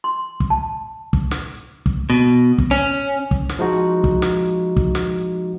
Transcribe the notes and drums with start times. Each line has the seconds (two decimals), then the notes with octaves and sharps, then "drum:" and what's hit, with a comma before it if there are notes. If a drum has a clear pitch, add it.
0.04 C6
0.40 drum: kick
0.50 A5
1.13 drum: kick
1.31 drum: snare
1.86 drum: kick
2.10 B2
2.59 drum: kick
2.71 C#4
3.31 drum: kick
3.49 drum: snare
3.59 F3 G#3 D#4 F#4
4.04 drum: kick
4.22 drum: snare
4.77 drum: kick
4.95 drum: snare